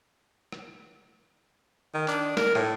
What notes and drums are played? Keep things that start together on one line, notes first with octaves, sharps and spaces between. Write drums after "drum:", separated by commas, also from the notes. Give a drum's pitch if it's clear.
drum: rim click
D#3
D4, drum: clap
A#4, drum: snare
A2, drum: rim click